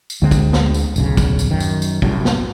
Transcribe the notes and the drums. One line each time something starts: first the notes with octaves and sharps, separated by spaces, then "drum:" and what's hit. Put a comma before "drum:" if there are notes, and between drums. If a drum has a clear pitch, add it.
drum: tambourine
D2 D3 G#3 C4
drum: kick, tambourine
drum: snare
drum: tambourine
D1 B1 C#3, drum: tambourine
drum: kick, tambourine
drum: tambourine
F#2 D#3
drum: tambourine
drum: tambourine
C2 F#2 A2, drum: kick
drum: snare